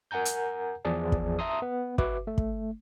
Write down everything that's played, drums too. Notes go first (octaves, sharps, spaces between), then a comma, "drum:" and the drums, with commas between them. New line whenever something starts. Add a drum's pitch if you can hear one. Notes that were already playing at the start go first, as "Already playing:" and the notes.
A#4 F#5 G#5 A#5 G6
drum: hi-hat
E2 F3 G#4 D5 A5
drum: kick
E5 A5 A#5 C6 D#6
B3
F#4 B4 E5 D6, drum: kick
A3
drum: kick